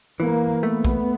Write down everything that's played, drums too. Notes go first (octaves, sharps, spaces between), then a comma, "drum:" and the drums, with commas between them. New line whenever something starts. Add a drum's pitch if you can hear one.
E3 A#3
A3 B3
drum: kick